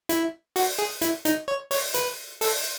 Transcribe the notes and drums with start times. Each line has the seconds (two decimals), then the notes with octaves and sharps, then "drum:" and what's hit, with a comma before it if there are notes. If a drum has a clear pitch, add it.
0.09 E4, drum: hi-hat
0.56 F#4, drum: open hi-hat
0.79 G#4
1.02 E4, drum: hi-hat
1.25 D#4, drum: hi-hat
1.48 C#5
1.71 C#5, drum: open hi-hat
1.94 B4, drum: hi-hat
2.41 A4, drum: open hi-hat